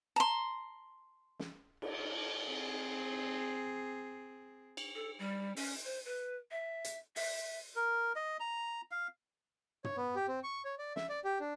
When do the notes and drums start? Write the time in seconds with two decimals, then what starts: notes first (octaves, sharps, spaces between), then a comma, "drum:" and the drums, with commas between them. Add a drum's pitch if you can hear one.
0.16 A5 A#5 C6
1.39 drum: snare
1.82 drum: cymbal
2.46 C4 G#4
4.77 drum: cymbal
4.95 A4
5.19 G3
5.56 C#4, drum: open hi-hat
5.85 C5
6.05 B4
6.51 E5
6.85 drum: hi-hat
7.16 E5, drum: open hi-hat
7.76 A#4
8.16 D#5
8.40 A#5
8.91 F5
9.84 C#5, drum: tom
9.97 B3
10.15 G4
10.28 C4
10.44 C#6
10.65 C#5
10.79 D5
10.96 E5, drum: snare
11.09 D5
11.24 G4
11.40 D4